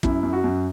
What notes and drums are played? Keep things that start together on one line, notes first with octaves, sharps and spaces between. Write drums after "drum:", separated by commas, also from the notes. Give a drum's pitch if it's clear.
F#2 E4, drum: kick
F#2
F#4
F#2